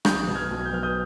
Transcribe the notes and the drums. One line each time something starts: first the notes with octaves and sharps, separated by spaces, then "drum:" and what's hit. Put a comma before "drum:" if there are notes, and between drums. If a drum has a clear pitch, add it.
B1 D#6 G6, drum: rim click
B2
F6 G#6
B1
G6
B3 F6
D#6 G6